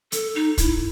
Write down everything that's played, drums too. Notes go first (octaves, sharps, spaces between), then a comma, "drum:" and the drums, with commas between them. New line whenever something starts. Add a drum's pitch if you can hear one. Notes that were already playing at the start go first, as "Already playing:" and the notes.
A4, drum: hi-hat
D#4
E4, drum: kick, hi-hat